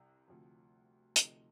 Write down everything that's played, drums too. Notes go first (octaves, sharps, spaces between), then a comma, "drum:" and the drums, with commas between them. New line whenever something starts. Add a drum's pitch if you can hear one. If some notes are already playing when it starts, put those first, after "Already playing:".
Already playing: C2 C3
D2 C3 F3
D2 C3 F3 A3 D#4, drum: hi-hat